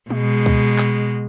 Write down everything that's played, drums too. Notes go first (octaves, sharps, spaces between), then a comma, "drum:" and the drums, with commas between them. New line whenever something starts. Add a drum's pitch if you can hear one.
B2 G#3, drum: tom G3
drum: kick C#2
drum: clap